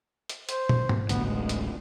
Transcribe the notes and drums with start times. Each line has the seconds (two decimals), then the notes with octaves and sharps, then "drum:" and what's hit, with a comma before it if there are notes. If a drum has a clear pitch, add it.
0.29 drum: hi-hat
0.49 C5, drum: hi-hat
0.69 drum: tom
0.89 drum: tom G#2
1.09 D1 A1 D2 B3, drum: hi-hat
1.25 G#3
1.49 drum: hi-hat